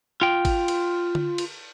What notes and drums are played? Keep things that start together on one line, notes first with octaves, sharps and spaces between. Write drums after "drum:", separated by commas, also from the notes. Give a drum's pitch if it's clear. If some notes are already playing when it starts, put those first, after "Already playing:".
F4 G5
drum: kick, cymbal
drum: cymbal
drum: tom D3
drum: cymbal